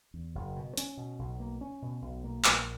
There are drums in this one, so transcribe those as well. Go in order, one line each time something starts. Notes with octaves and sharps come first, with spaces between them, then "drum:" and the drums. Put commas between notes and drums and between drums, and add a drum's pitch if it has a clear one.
E2
F#1
B2
C#4, drum: hi-hat
B2
B1
A#3
C#4
B2
B1
A#3
A#1, drum: clap